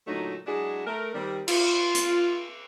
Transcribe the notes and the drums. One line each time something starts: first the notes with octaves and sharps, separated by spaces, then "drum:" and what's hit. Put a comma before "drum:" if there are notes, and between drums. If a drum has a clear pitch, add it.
A#2 D3 F#3 A3 D#4
F#3 G#3 D4 E4 F#4 G#4
A3 A#4
D#3 G3 C4
F4, drum: cymbal
drum: hi-hat